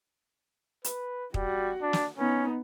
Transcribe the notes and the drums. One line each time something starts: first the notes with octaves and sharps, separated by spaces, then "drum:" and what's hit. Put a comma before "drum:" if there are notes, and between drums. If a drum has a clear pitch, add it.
B4, drum: hi-hat
G3 F#4, drum: kick
D4
drum: snare
B3 C#4 D#4